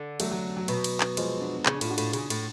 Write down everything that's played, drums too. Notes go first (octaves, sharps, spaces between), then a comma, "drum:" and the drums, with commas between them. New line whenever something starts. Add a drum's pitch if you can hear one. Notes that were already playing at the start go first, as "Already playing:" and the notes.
Already playing: D3
F#3 A3, drum: cymbal
F#3
F#3
B2, drum: cymbal
drum: cymbal
drum: clap
F3 G#3, drum: cymbal
B3 D4
C#3, drum: clap
D4
A2 F4, drum: cymbal
D4 F#4
A2, drum: cymbal
C#3, drum: cymbal
A2, drum: cymbal